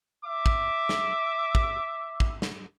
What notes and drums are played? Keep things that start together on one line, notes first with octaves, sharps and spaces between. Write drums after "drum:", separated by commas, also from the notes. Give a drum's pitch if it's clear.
E5 D6
drum: kick
drum: snare
drum: kick
drum: kick
drum: snare